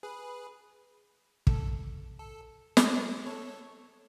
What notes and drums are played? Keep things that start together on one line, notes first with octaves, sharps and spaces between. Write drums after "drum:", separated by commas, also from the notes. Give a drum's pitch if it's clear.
G#4 B4
A4, drum: kick
A4
drum: snare
G#4 B4
A4 C#5